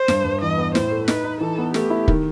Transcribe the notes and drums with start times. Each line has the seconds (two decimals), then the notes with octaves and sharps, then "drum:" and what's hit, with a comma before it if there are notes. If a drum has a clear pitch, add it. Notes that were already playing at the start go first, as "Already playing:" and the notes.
Already playing: C5
0.08 G2, drum: snare
0.24 G2
0.41 E2 D#5
0.58 B3
0.75 A2 C5, drum: snare
0.91 A3
1.08 D#4 B4, drum: snare
1.24 D#4
1.41 E3 A4
1.58 B3
1.74 A3 G4, drum: snare
1.90 E4
2.08 D#3, drum: kick